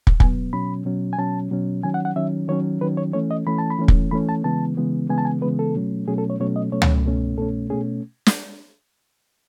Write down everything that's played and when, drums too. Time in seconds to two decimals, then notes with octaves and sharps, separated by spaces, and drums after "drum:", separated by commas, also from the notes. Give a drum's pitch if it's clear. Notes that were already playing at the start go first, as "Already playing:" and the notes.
0.07 drum: kick
0.20 B2 F#3 B3 G#5, drum: kick
0.53 B2 F#3 C#4 B5
0.85 B2 F#3 C#4
1.13 G#5
1.18 B2 F#3 C#4 A5
1.51 B2 F#3 C#4
1.83 D#3 F#3 C#4 G#5
1.94 F#5
2.05 F#5
2.16 D#3 F#3 C#4 E5
2.48 D#3 F#3 C#4 C#5
2.81 D#3 F#3 C#4 B4
2.97 C#5
3.13 E3 A3 C#4 C#5
3.31 D#5
3.47 E3 A3 C#4 B5
3.58 A5
3.70 B5
3.79 E3 A3 C#4
3.88 drum: kick
4.11 E3 A3 C#4 B5
4.29 A5
4.44 C#3 E3 G#3 B3 A5
4.77 C#3 E3 G#3 B3
5.10 C#3 E3 G#3 B3 G#5
5.18 A5
5.25 G#5
5.42 C#3 E3 G#3 B3 B4
5.59 A4
5.75 B2 F#3 A3 C#4
6.08 B2 F#3 A3 C#4 G#4
6.18 A4
6.30 C#5
6.40 B2 F#3 A3 C#4 C#5
6.56 D#5
6.72 B2 F#3 A3 C#4 C#5
6.82 drum: tom C#2
7.05 B2 A3 C#4
7.38 B2 A3 C#4 A4
7.70 B2 A3 C#4 G#4
8.26 drum: snare